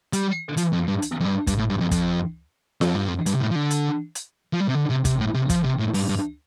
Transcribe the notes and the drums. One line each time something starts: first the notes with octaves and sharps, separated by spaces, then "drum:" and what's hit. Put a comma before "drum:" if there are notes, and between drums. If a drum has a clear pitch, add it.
G3, drum: hi-hat
F3, drum: hi-hat
F2
G2
drum: hi-hat
F2
G2
G2, drum: kick, hi-hat
A2
G2
F2
F2, drum: kick, hi-hat
F2, drum: snare F4
G2
F2
G2, drum: hi-hat
C3
A2
F3
D3
drum: hi-hat
drum: hi-hat
F3
G3
C3
D3
C3
C3, drum: kick, hi-hat
A2
C3
F3, drum: kick, hi-hat
C3
A2
G2, drum: open hi-hat
G2